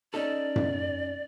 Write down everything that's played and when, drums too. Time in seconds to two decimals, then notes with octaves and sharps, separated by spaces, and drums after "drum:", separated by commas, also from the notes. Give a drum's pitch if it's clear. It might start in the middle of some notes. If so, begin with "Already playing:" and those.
0.14 C#4 D#4 A4 D5
0.56 drum: tom F#2